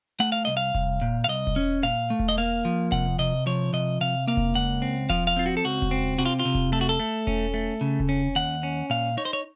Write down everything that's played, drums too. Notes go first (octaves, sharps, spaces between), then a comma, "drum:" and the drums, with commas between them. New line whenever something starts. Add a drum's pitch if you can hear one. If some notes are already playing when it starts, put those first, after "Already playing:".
A3 F#5
F5
C2 D#5
F5
C2, drum: kick E1
A#2
F5
C2 D#5
drum: kick E1
C#4
A#2 F5
A3
drum: kick E1
D#5
A#3 F5
F3
C3 F#5, drum: kick E1
C3 D#5
F3 C#5
C3 D#5
C3 F5
A#3 F5
drum: kick E1
C#2 F#5
C4
F3 F5, drum: kick E1
F5
C4 F4
F#4
A4
C#2 F#4
drum: kick E1
C4
C3 F#4
F4
F4
C3
drum: kick E1
A3 A4
F#4
A4
A3
C#4, drum: kick E1
A3
C#3
drum: kick E1
C#4
D#2 F#5
C#4
A#2 F5
D#4 C#5
C5
C#5